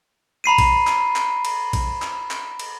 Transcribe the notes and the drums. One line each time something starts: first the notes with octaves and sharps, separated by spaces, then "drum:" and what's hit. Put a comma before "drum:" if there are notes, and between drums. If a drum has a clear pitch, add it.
A#5 B5 C7 D#7
drum: kick A#1, cymbal
drum: clap
drum: clap
drum: cymbal
drum: kick A#1, cymbal
drum: clap
drum: clap
drum: cymbal